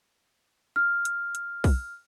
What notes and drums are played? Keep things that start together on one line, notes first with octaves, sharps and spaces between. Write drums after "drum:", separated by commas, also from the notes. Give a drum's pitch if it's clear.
F6
drum: hi-hat
drum: hi-hat
drum: kick B1, open hi-hat